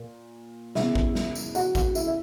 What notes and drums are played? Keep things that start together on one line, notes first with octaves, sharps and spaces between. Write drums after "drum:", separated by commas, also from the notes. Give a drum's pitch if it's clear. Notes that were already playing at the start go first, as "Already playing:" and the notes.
Already playing: A#2
C#3 E3 B3 E4 E5, drum: snare
drum: kick A1
drum: snare
drum: tambourine
F#4 F#5, drum: tambourine
F#4 F#5, drum: kick A1, tambourine
E4 E5, drum: tambourine
E5